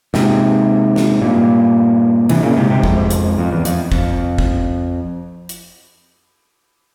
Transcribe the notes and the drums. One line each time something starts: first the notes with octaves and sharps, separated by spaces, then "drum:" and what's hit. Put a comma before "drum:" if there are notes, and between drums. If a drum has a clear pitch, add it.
G#2 C3, drum: snare
drum: snare
G2 A#2
C3 E3, drum: cymbal
A#2 C#3
G#2 C3
G#2 C3
F2 G#2, drum: kick
drum: hi-hat
F2
E2
F2, drum: hi-hat
F2, drum: kick
drum: kick
drum: hi-hat